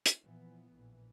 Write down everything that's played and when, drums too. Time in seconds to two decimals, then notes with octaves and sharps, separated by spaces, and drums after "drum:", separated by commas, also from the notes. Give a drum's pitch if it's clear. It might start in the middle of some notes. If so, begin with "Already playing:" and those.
0.06 drum: hi-hat
0.23 A#2 E3 F3 B3
0.70 A#1 A2 E3